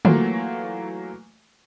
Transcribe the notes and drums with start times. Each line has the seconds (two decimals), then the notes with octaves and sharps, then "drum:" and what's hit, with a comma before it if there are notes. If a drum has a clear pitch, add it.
0.05 E3 F#3 A3 A#3 F4, drum: tom D3